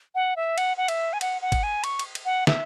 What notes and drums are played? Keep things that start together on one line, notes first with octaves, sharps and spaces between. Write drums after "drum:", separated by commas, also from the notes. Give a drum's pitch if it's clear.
F#5
E5
F#5, drum: cymbal
F#5
E5, drum: cymbal
G#5
F#5, drum: cymbal
F#5
drum: kick, cymbal
G#5
C#6, drum: cymbal
drum: cymbal
drum: cymbal
F#5
E5, drum: snare